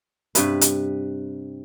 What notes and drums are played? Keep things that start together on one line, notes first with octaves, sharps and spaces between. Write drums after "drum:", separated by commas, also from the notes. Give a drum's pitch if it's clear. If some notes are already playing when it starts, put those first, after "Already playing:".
G2 C3 B4, drum: hi-hat
drum: hi-hat